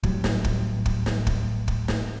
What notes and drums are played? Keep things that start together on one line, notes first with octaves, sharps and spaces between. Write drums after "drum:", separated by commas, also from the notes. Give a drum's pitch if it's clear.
A2 F#3 G3, drum: kick
drum: snare
drum: kick
drum: kick
drum: snare
drum: kick
drum: kick
drum: snare